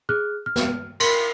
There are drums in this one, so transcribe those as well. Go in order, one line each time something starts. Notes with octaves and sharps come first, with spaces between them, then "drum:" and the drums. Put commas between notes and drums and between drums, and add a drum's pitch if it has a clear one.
G#4 F6 F#6
F6
drum: snare
A#4 B5 C6 B6, drum: cymbal